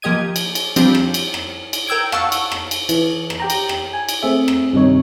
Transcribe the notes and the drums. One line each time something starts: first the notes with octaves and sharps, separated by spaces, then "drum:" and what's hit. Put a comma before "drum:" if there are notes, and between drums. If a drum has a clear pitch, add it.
F3 A#3 G4 D#5 G#6 D#7
drum: cymbal
drum: cymbal
F3 G3 C4 D4 F4 G4, drum: cymbal
drum: rim click
drum: cymbal
drum: rim click
drum: cymbal
A#4 G5 E6 G#6 D7
F5 F#5 A5 C#6 E6, drum: rim click
drum: cymbal
drum: rim click
drum: cymbal
E3, drum: cymbal
drum: rim click
G4 G5 A#5
drum: cymbal
drum: rim click
G#5
drum: cymbal
A3 C4 G#4 E5
drum: rim click
G2 C3 D#3 D#4 C#5